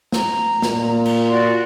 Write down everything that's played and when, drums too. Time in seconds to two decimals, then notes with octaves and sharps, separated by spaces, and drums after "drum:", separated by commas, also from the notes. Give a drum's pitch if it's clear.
0.12 A#5, drum: snare
0.62 A#2, drum: snare
1.05 drum: cymbal
1.27 F#4 D5 C6